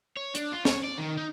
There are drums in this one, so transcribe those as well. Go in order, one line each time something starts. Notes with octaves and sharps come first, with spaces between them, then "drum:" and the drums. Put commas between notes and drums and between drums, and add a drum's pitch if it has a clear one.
C#5
D4, drum: hi-hat
F4
C#5, drum: snare
D5
D#3
D#4